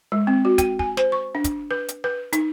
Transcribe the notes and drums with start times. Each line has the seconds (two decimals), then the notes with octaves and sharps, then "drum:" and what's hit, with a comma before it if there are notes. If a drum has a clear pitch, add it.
0.12 G#3
0.27 C4
0.45 F#4
0.58 G5, drum: kick, hi-hat
0.79 G#5, drum: kick
0.97 C5, drum: snare
1.12 C#6
1.35 D4
1.44 drum: kick, hi-hat
1.71 B4
1.88 drum: hi-hat
2.04 B4
2.33 D#4, drum: hi-hat